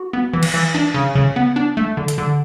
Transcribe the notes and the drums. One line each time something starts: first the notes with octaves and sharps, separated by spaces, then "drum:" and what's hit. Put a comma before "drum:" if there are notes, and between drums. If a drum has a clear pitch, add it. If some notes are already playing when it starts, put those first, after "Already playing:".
Already playing: F#4
B3
E3
drum: cymbal
E3
D4
C#3
C#3
B3
D4
A3
D3
drum: hi-hat
D3